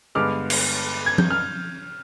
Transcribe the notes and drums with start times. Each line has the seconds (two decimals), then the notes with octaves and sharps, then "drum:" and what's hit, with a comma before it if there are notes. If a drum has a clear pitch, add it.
0.15 G2 D3 G#3 B3 D6 F6
0.50 drum: cymbal
1.06 G#6
1.18 G6, drum: tom F3
1.31 F6